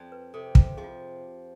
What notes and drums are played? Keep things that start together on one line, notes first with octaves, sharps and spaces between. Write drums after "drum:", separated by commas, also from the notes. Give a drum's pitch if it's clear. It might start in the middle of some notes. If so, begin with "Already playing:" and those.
Already playing: F2
B4
C3 A4
drum: kick
F3 G#4
F4